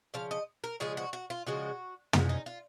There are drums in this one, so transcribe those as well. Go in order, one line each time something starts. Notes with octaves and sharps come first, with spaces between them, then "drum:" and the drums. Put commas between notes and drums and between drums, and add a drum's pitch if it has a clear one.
C#3 F3 F5
D#5
A#4
C#3 F3 G#3 G#4
F#4
F#4
F4
C#3 F3 G#3 F#4
C#3 F3 G#3 A#4, drum: tom
D#4
F4